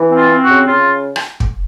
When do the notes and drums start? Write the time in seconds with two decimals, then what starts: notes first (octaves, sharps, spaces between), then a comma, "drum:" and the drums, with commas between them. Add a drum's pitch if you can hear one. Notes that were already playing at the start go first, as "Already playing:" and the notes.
Already playing: E3
0.11 C4
0.18 F4
0.30 C4
0.42 F#4
0.48 C#3
0.67 C#3 F4
1.16 drum: rim click
1.40 drum: kick